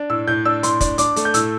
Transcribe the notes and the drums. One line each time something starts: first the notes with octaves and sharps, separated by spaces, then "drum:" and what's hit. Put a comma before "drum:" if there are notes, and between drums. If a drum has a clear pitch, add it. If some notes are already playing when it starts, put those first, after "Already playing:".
Already playing: D4
A2 E6
A2 G6
D4 E6
A2 C6, drum: hi-hat
D4, drum: kick, hi-hat
D4 D6, drum: hi-hat
A3, drum: hi-hat
G6
A2 E6, drum: hi-hat